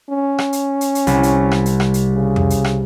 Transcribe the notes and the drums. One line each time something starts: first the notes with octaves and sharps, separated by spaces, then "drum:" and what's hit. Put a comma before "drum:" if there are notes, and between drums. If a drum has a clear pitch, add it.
C#4
drum: rim click
drum: hi-hat
drum: hi-hat
drum: hi-hat
C2, drum: hi-hat
drum: hi-hat
drum: rim click
drum: hi-hat
drum: rim click
drum: hi-hat
C#3
drum: tom F2
drum: hi-hat
drum: rim click